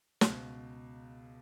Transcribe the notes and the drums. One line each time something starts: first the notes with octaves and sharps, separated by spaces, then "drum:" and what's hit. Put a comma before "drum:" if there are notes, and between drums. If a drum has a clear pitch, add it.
C#2 B2, drum: snare